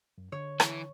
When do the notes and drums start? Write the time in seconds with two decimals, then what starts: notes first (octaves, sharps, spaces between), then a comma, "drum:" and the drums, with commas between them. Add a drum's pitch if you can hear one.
0.18 F#2
0.32 D3 C#5
0.60 E3, drum: rim click